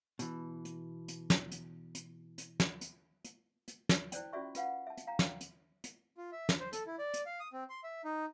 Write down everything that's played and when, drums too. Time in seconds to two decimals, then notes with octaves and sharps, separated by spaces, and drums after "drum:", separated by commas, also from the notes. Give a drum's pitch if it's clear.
0.19 B2 E3, drum: hi-hat
0.65 drum: hi-hat
1.08 drum: hi-hat
1.30 drum: snare
1.52 drum: hi-hat
1.95 drum: hi-hat
2.38 drum: hi-hat
2.60 drum: snare
2.81 drum: hi-hat
3.25 drum: hi-hat
3.68 drum: hi-hat
3.89 drum: snare
4.12 E4 C5 D5 G5, drum: hi-hat
4.33 C#4 F4 F#4 D5 E5 C#6
4.55 F4 B4 F5 F#5, drum: hi-hat
4.87 E5 A5
4.97 drum: hi-hat
5.07 F5 G5 A#5
5.19 drum: snare
5.41 drum: hi-hat
5.84 drum: hi-hat
6.17 F4
6.32 E5
6.49 drum: snare
6.60 C5
6.73 A4, drum: hi-hat
6.87 E4
6.99 D5
7.14 drum: hi-hat
7.26 F5
7.40 D#6
7.53 C4
7.70 C6
7.84 E5
8.05 D#4